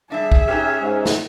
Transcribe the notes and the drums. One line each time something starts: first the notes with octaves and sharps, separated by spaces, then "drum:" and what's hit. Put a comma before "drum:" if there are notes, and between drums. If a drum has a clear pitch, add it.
G3 D4 G#4 E5
drum: kick
C#4 D#4 G4 B4 G#5
G#2
drum: snare